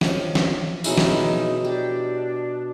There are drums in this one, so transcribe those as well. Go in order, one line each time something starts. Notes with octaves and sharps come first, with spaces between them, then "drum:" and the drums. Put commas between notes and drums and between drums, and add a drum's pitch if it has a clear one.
F3 C#4 D#5, drum: snare
drum: snare
B2 G#3 C#4 D#4 E4 B4, drum: tambourine
drum: snare
D4 G4